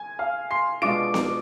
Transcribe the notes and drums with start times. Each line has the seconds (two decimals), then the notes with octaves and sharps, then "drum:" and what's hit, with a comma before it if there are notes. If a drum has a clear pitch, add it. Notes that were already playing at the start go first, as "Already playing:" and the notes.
Already playing: G#5 G#6
0.19 F5 F6
0.51 C6 C7
0.82 B2 G#3 D4 F4 D6 D7
1.14 drum: snare B3